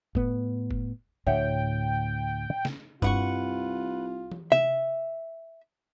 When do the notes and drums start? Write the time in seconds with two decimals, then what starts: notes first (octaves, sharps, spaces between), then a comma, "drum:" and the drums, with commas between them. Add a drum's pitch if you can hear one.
0.15 A2 B3, drum: kick F1
0.71 drum: kick F1
1.27 D2 A2 C#5 E5 F#5 G5
2.65 drum: snare
3.02 C2 G2 F4 B4 F#5 C#6, drum: kick F1
4.32 drum: tom
4.52 E5, drum: tom C3